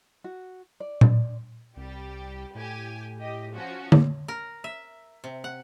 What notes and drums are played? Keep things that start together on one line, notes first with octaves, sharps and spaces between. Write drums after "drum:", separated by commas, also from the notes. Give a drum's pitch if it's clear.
F#4
D5
drum: tom A#2
C2 G3 G4
A2 G4 G#5
G4 D#5
F3 C#4 F#4
drum: tom D3
A#4
E5
C3
F#5